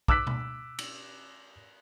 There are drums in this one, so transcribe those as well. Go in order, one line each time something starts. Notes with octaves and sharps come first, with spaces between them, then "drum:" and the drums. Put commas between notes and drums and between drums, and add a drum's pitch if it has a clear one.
D6 E6 F#6 B6, drum: kick
drum: tom B2
drum: cymbal